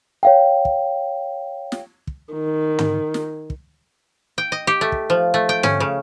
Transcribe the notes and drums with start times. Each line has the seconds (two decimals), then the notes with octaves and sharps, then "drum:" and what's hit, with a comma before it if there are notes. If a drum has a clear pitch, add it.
0.23 C#5 F5 G5
0.65 drum: kick
1.72 drum: snare
2.07 drum: kick
2.33 D#3
2.79 drum: tom
3.14 drum: snare
3.50 drum: kick
4.38 G5
4.52 D#5
4.67 G4
4.81 A3
4.92 drum: kick
5.10 F3
5.34 A3
5.49 G5
5.63 C#4, drum: tom
5.80 C#3